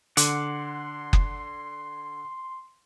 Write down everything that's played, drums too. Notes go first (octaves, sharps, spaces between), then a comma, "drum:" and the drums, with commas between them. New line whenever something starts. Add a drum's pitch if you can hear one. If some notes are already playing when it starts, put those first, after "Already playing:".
D3 F#5 C6 D6, drum: hi-hat
drum: kick F#1